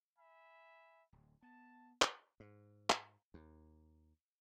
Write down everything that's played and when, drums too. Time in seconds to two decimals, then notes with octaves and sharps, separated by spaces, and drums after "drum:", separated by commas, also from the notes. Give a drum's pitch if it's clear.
0.18 E5 G#5 B5
1.12 D1
1.42 B3 A5
2.02 drum: clap
2.40 G#2
2.90 drum: clap
3.34 D#2